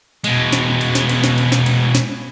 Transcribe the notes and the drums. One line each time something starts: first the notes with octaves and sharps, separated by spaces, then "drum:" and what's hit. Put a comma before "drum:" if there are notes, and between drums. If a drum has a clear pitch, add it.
B2 G#3, drum: cymbal
drum: snare
drum: cymbal
drum: snare
drum: cymbal
drum: snare
drum: cymbal
drum: snare
drum: cymbal
drum: snare